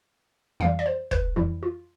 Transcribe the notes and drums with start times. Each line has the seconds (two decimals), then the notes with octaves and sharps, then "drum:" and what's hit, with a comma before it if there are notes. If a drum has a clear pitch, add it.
0.60 F2 E3 G3 F5
0.79 D5
0.86 C5
1.11 B4, drum: kick
1.36 F2 E3 G3 E4
1.63 F4